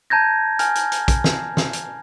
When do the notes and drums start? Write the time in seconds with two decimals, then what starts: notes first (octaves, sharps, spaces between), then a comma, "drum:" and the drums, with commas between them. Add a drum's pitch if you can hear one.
0.10 A5 A#5 G6 G#6 A#6
0.59 G#5 F6, drum: hi-hat
0.75 drum: hi-hat
0.92 drum: hi-hat
1.08 drum: kick, hi-hat
1.24 drum: snare
1.57 drum: snare
1.73 drum: hi-hat